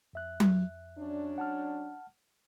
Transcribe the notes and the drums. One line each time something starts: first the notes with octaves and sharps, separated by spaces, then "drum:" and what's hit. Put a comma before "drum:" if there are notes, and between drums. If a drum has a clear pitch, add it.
F2 E5 F#6
drum: tom F#3
F#3 C#4 D4
F#5 A5 F6